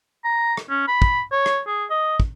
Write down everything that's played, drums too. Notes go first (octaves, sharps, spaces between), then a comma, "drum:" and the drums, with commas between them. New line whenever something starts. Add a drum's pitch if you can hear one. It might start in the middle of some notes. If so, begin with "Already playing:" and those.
A#5
drum: rim click
C#4
B5
drum: kick
C#5
drum: rim click
G#4
D#5
drum: kick